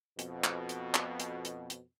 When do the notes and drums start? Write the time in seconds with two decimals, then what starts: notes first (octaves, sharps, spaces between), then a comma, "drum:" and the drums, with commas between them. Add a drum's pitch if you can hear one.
0.19 F2 B2, drum: hi-hat
0.44 drum: clap
0.69 drum: hi-hat
0.94 drum: clap
1.20 drum: hi-hat
1.45 drum: hi-hat
1.70 drum: hi-hat